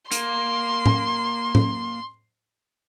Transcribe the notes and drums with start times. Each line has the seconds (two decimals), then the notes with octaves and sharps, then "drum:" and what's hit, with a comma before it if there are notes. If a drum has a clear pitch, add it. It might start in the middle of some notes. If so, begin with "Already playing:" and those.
0.11 A#3 C6, drum: hi-hat
0.86 drum: tom A2
1.55 drum: tom A2